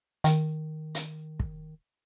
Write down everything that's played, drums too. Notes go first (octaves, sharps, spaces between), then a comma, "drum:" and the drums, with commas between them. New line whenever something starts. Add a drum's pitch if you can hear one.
D#3, drum: hi-hat
drum: hi-hat
drum: kick